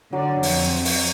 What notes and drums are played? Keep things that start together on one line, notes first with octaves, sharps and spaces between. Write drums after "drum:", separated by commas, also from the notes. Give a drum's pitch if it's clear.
D3 F#3 D5
F2 C4, drum: open hi-hat
drum: open hi-hat